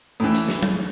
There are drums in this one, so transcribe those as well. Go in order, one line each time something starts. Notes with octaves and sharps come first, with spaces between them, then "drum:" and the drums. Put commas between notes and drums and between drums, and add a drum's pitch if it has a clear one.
A2 E3
drum: hi-hat
drum: snare
drum: tom F#3